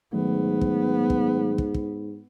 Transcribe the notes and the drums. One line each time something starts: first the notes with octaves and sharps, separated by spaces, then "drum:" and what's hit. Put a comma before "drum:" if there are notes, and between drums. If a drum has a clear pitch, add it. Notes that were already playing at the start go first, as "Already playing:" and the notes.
G#2 D#3 F#3 A3 B3
drum: kick
drum: kick
drum: kick
drum: kick